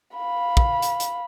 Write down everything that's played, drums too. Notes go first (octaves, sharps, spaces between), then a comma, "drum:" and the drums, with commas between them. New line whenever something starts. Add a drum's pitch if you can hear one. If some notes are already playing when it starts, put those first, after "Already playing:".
F5 B5
drum: kick
drum: hi-hat
drum: hi-hat